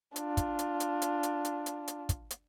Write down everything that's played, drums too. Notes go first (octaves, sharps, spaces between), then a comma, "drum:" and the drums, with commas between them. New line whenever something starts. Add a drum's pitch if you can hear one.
D4 F4, drum: hi-hat
drum: kick, hi-hat
drum: hi-hat
drum: hi-hat
drum: hi-hat
drum: hi-hat
drum: hi-hat
drum: hi-hat
drum: hi-hat
drum: kick, hi-hat
drum: hi-hat